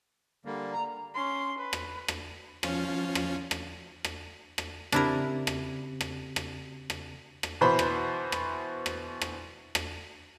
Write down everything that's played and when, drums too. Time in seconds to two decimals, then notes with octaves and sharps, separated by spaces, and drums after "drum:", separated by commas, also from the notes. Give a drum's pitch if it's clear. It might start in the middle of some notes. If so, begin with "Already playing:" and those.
0.45 D3 G3 A#3
0.72 A#5
1.14 C#4 C6
1.58 B4
1.73 drum: rim click
2.08 drum: rim click
2.63 F3 C#4 F4, drum: rim click
3.15 drum: rim click
3.51 drum: rim click
4.04 drum: rim click
4.58 drum: rim click
4.92 C#3 C4 D4 E4 G4 A#4, drum: rim click
5.47 drum: rim click
6.01 drum: rim click
6.36 drum: rim click
6.90 drum: rim click
7.43 drum: rim click
7.61 B2 E3 C5 B5
7.79 drum: rim click
8.32 drum: rim click
8.86 drum: rim click
9.21 drum: rim click
9.75 drum: rim click